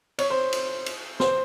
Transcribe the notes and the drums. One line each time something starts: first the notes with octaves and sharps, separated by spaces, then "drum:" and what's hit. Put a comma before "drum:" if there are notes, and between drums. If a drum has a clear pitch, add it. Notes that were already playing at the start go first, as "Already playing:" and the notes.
C#5, drum: cymbal
C5
drum: cymbal
drum: cymbal
C5, drum: snare